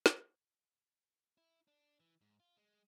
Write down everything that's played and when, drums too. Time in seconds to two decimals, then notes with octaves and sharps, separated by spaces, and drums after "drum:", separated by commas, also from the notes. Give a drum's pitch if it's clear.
0.06 drum: snare
1.38 E4
1.68 D4
2.00 E3
2.21 G#2
2.40 F4
2.57 G#3